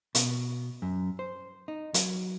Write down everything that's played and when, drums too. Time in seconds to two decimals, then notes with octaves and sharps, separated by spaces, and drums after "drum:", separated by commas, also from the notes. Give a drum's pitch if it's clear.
0.15 B2, drum: hi-hat
0.82 F#2
1.19 C5
1.68 D#4
1.94 F#3, drum: hi-hat